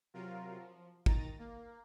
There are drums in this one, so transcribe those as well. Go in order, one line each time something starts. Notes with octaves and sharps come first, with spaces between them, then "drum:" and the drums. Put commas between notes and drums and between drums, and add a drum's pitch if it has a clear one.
C3 F#3 F4 A#4
F3
D#3 A#5 A6 D#7, drum: kick
A#3